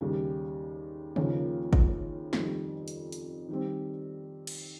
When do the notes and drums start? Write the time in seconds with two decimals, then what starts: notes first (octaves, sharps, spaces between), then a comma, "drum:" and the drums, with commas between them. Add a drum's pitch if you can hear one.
0.01 D#2 C#3 G3
1.16 D#2 C#3 F3 A#3 C#4, drum: tom C#3
1.73 drum: kick
2.33 F2 D#3 G3, drum: snare
2.88 drum: hi-hat
3.12 drum: hi-hat
3.49 D#3 G3 C4
4.47 drum: cymbal